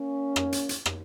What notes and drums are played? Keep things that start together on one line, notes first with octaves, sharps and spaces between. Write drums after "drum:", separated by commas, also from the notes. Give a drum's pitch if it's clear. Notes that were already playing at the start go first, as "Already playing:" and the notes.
Already playing: A#3 C#4
drum: rim click
drum: hi-hat
drum: hi-hat
drum: rim click